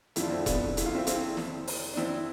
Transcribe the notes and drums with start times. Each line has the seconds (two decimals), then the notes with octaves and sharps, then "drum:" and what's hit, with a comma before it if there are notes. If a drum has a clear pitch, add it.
0.16 F1 F2 D3 F3 E4, drum: hi-hat
0.23 F4
0.30 C4 E4
0.46 B3 D4, drum: kick E1, hi-hat
0.77 E4, drum: hi-hat
0.86 F4
0.95 C4 E4
1.07 C4 E4, drum: hi-hat
1.37 drum: snare
1.67 drum: open hi-hat
1.94 D4
1.97 C4 E4, drum: snare